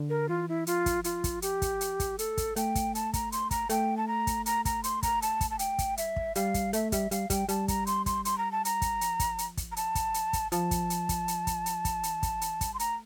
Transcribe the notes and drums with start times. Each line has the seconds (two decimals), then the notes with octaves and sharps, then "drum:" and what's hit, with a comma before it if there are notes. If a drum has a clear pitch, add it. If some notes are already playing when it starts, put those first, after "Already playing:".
Already playing: D3
0.10 A#4
0.29 E3 F4
0.49 E4
0.67 F3 F4, drum: hi-hat
0.86 drum: kick, hi-hat
1.04 F4, drum: hi-hat
1.24 drum: kick, hi-hat
1.42 G4, drum: hi-hat
1.62 drum: kick, hi-hat
1.81 drum: hi-hat
2.00 drum: kick, hi-hat
2.19 A3 A4, drum: hi-hat
2.37 drum: kick, hi-hat
2.56 A3 G5, drum: hi-hat
2.75 drum: kick, hi-hat
2.95 A5, drum: hi-hat
3.14 A#5, drum: kick, hi-hat
3.32 C6, drum: hi-hat
3.51 A#5, drum: kick, hi-hat
3.70 A3 G5, drum: hi-hat
3.97 A5
4.08 A#5
4.27 drum: kick, hi-hat
4.46 A#5, drum: hi-hat
4.65 A#5, drum: kick, hi-hat
4.84 C6, drum: hi-hat
5.03 A#5, drum: kick, hi-hat
5.22 A5, drum: hi-hat
5.41 drum: kick, hi-hat
5.51 A5
5.59 G5, drum: hi-hat
5.79 drum: kick, hi-hat
5.97 G3 E5, drum: hi-hat
6.16 drum: kick
6.35 G3 F5, drum: hi-hat
6.54 drum: kick, hi-hat
6.73 A3 E5, drum: hi-hat
6.92 G3 E5, drum: kick, hi-hat
7.11 G3 F5, drum: hi-hat
7.30 G3 G5, drum: kick, hi-hat
7.49 G3 A5, drum: hi-hat
7.68 A#5, drum: kick, hi-hat
7.87 C6, drum: hi-hat
8.06 C6, drum: kick, hi-hat
8.25 C6, drum: hi-hat
8.38 A#5
8.52 A5
8.65 A#5, drum: hi-hat
8.82 drum: kick, hi-hat
9.01 F3, drum: hi-hat
9.20 drum: kick, hi-hat
9.38 drum: hi-hat
9.57 drum: kick, hi-hat
9.72 A#5
9.77 A5, drum: hi-hat
9.95 drum: kick, hi-hat
10.14 drum: hi-hat
10.33 drum: kick, hi-hat
10.52 F3 A5, drum: hi-hat
10.71 drum: kick, hi-hat
10.90 drum: hi-hat
11.09 drum: kick, hi-hat
11.28 drum: hi-hat
11.47 drum: kick, hi-hat
11.66 drum: hi-hat
11.85 drum: kick, hi-hat
12.03 E3, drum: hi-hat
12.23 F3, drum: kick, hi-hat
12.41 E3, drum: hi-hat
12.61 G3, drum: kick, hi-hat
12.74 C6
12.79 A3 A#5, drum: hi-hat